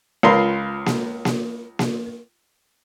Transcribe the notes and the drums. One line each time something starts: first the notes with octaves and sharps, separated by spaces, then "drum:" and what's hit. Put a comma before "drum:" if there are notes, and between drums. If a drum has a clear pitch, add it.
C#2 F4 A#4 B4 C6
drum: snare A#3
drum: snare A#3
drum: snare A#3